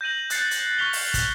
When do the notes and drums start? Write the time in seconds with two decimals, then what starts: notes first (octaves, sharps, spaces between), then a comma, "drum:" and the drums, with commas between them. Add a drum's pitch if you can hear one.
0.01 G6 A#6 D#7 F#7
0.30 F#6 G6 A6 C7 C#7, drum: hi-hat
0.51 drum: hi-hat
0.78 C#6 F6 B6 F7 G7
0.93 drum: open hi-hat
1.14 drum: kick, hi-hat